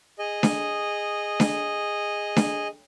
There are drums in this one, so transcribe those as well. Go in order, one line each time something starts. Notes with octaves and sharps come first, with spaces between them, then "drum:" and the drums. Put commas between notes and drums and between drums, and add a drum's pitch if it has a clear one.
G#4 D#5
drum: snare D4
drum: snare D4
drum: snare D4